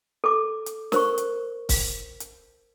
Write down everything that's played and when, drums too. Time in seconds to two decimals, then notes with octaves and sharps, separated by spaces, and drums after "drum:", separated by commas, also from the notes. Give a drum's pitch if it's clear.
0.24 A4 D6
0.66 drum: hi-hat
0.92 A#4 C5 C#6, drum: snare
1.18 drum: hi-hat
1.69 drum: kick, open hi-hat
2.20 drum: hi-hat